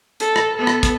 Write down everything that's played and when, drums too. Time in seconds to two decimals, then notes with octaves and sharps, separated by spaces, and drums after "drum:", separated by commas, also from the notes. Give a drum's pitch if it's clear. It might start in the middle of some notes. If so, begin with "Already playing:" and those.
0.20 A4, drum: hi-hat
0.36 drum: rim click
0.58 B3 A4
0.67 drum: rim click
0.83 drum: kick, hi-hat